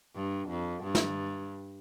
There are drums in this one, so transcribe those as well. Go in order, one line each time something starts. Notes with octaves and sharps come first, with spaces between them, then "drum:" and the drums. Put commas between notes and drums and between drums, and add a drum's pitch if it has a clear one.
G2
F2
G2
drum: snare